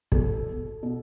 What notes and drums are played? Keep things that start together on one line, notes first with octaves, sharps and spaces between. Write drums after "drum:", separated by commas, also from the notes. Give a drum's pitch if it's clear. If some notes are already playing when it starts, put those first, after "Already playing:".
B2 A4, drum: kick
B2